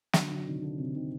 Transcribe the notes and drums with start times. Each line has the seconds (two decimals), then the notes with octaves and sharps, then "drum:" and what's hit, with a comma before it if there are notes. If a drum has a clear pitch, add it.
0.13 D3 F#3, drum: snare
0.29 D3 F#3
0.46 C3 D#3
0.62 D3
0.78 C3
0.94 C3 D#3